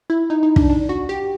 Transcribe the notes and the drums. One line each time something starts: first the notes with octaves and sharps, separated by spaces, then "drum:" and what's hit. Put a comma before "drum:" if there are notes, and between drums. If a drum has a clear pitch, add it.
E4
D#4
D#4
D4, drum: kick
D4
F#4
G4